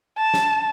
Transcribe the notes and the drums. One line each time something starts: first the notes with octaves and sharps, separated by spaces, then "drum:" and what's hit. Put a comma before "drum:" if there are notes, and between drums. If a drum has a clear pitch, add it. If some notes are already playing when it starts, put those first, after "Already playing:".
A5
drum: snare